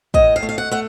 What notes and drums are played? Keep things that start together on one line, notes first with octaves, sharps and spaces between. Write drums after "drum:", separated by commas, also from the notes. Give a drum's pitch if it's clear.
A2 D#5, drum: kick
F5
A3
F5
F#5
A3 F#5